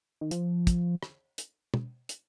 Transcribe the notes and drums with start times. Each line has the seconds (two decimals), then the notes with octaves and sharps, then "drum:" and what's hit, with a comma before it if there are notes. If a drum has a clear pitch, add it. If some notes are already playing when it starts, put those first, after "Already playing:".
0.21 D#3
0.31 F3, drum: hi-hat
0.67 drum: kick, hi-hat
1.03 drum: rim click
1.38 drum: hi-hat
1.74 drum: tom
2.09 drum: hi-hat